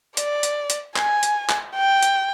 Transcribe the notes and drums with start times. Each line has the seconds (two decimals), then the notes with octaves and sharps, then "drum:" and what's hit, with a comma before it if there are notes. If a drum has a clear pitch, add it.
0.17 D5, drum: hi-hat
0.43 drum: hi-hat
0.70 drum: hi-hat
0.96 G#5, drum: clap
1.23 drum: hi-hat
1.49 drum: clap
1.76 G5
2.02 drum: hi-hat